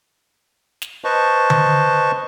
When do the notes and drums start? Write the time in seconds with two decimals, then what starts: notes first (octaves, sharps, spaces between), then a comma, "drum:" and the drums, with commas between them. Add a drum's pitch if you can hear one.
0.82 drum: snare
1.04 B4 C5 D#5 A5 C#6
1.50 drum: tom D3